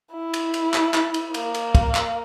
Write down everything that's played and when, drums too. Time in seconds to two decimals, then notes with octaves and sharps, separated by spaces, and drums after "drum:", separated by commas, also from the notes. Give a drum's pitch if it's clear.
0.13 E4
0.34 drum: cymbal
0.54 drum: cymbal
0.74 drum: clap
0.94 drum: clap
1.14 drum: cymbal
1.34 A#3, drum: cymbal
1.54 drum: cymbal
1.75 drum: kick, cymbal
1.95 drum: clap